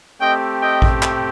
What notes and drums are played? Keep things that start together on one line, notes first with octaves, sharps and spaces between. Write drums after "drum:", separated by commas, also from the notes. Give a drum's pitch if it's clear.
A3 C4 G4 D#5 G5
D#5 G5
drum: kick A1
drum: clap